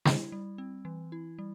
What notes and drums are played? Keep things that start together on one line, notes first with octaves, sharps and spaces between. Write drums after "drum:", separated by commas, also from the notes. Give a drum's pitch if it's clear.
E4, drum: snare
G3
C4
E3
E4
G3